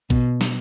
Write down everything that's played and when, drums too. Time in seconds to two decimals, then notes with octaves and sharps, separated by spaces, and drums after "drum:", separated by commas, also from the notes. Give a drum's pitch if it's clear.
0.10 B2, drum: kick A#1
0.41 drum: snare